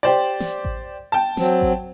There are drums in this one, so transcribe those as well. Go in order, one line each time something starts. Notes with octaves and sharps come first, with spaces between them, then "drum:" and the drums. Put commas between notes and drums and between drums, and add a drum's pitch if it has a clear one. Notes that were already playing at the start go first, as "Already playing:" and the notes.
G4 C5 D5
drum: snare
drum: kick A1
G5 A5
F#3 C4, drum: snare
drum: kick A1